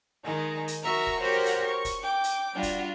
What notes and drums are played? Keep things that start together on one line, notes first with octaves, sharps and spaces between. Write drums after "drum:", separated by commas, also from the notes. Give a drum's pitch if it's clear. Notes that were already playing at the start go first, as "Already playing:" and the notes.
D#3 G#3 D#4
drum: hi-hat
F#4 A#4 E5 A#5 C#6
drum: kick
F#4 G4 A#4 C5 C#5 F#5
drum: hi-hat
C#6
drum: kick, hi-hat
G5 D6
drum: hi-hat
G3 D4 F4 F#4
drum: kick, hi-hat